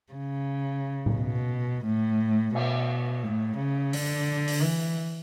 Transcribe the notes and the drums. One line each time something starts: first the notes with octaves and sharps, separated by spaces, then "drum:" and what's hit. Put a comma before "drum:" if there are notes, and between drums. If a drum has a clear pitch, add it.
C#3
drum: tom A2
B2
A2
B2, drum: cymbal
A2
C#3
D3, drum: open hi-hat
drum: open hi-hat
E3